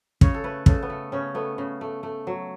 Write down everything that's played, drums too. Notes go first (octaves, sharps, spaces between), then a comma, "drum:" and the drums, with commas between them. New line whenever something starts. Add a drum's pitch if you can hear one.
C#3 C#5, drum: kick
A4
A3 B4
C#3 A4, drum: kick
B3
A3
C#3 C#4
A3 B3
C#3
A3
A3
F#3